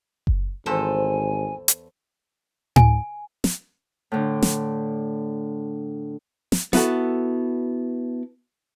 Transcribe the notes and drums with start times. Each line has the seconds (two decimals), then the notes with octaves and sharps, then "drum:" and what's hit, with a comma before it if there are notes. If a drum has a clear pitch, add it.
0.27 drum: kick F#1
0.66 G#1 E2 A4 C5 G#5
1.68 drum: hi-hat
2.76 G#5, drum: tom A2
3.44 drum: snare
4.12 A2 D3
4.43 drum: snare
6.52 drum: snare
6.73 B3 E4 F#4 A4, drum: snare